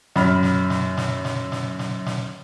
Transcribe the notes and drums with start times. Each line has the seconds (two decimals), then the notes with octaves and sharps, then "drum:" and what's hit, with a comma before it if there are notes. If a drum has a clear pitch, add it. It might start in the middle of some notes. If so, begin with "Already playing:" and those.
0.16 F#2 B5 F6, drum: snare
0.43 drum: snare
0.70 drum: snare
0.97 drum: snare
1.25 drum: snare
1.52 drum: snare
1.79 drum: snare
2.06 drum: snare